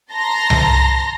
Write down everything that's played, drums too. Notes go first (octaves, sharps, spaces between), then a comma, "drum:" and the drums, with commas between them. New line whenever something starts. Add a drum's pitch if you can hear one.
A5 A#5 C6 A#6
drum: tom C2